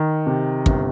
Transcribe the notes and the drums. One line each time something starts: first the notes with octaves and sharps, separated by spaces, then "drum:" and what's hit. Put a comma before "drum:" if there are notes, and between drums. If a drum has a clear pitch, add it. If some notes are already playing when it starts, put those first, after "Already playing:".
Already playing: D#3
C3
G1, drum: kick